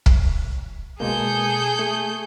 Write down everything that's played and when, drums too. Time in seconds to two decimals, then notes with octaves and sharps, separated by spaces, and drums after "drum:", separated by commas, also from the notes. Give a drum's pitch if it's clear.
0.06 drum: kick
1.00 B2 G#3 A#3 G#4 A4 G6
1.79 A3